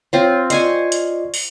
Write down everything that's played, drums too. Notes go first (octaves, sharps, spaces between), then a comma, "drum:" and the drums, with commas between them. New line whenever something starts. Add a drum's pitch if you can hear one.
C4 F4 C#5
F4 C5 D5 D#5 G#5 C#6, drum: hi-hat
drum: hi-hat
drum: open hi-hat